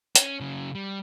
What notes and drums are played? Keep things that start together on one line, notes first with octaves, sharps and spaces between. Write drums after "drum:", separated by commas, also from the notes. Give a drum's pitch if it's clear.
C#4, drum: hi-hat
C#3 F#3
G3